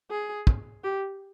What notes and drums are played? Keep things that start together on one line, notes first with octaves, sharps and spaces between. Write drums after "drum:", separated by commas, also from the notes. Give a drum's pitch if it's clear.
G#4
drum: kick
G4